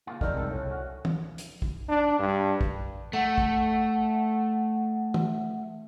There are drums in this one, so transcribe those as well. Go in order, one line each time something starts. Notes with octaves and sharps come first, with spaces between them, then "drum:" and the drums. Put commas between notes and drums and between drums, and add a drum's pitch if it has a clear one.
C#3 A#3 F4
E2 D#3 D4 E4 G4 A#4, drum: kick
C2 G#3 C4 A4
B1 F#2 A2 C#3
C#4 F#4
drum: tom
drum: hi-hat
drum: kick
D4
G2
drum: kick
A3 F#5
drum: kick
drum: tom